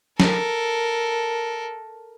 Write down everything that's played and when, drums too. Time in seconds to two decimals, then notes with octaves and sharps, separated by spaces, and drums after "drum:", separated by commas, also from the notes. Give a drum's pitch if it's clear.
0.20 A4 A#4, drum: snare